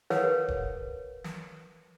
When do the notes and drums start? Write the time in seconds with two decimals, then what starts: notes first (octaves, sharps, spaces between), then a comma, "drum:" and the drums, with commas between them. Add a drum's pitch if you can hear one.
0.10 A#4 B4 C#5 F5 F#5, drum: snare
0.48 drum: kick D1
1.24 drum: snare